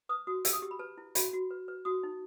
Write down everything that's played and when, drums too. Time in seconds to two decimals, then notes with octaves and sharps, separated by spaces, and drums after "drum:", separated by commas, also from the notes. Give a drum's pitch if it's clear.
0.09 B4 D#6
0.27 F#4 D#6
0.45 G4 E6, drum: hi-hat
0.53 D#6
0.62 G4
0.71 B5
0.79 B4 A5
0.98 E4
1.15 F#4 B5, drum: hi-hat
1.33 F#4
1.51 B4
1.68 B4
1.85 F#4 D#6
2.03 D#4